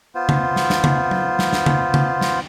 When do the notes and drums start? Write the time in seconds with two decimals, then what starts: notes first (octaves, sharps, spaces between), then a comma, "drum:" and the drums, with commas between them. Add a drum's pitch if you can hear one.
0.15 B3 F4 C5
0.29 drum: tom C#3
0.56 drum: snare
0.70 drum: snare
0.84 drum: tom C#3
1.11 drum: tom F#3
1.39 drum: snare
1.53 drum: snare
1.66 drum: tom C#3
1.94 drum: tom C#3
2.21 drum: snare